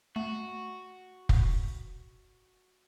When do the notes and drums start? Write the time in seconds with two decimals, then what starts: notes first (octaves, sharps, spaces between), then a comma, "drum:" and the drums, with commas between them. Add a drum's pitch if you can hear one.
0.16 A3 F#4
1.29 drum: kick